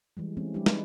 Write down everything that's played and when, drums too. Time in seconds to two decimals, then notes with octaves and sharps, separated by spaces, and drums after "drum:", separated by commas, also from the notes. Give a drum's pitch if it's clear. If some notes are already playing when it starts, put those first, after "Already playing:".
0.17 E3 G3 G#3
0.37 E3 G#3 A3 C4 C#4
0.54 G3 G#3 D4 E4 G4
0.66 D#4 B4, drum: snare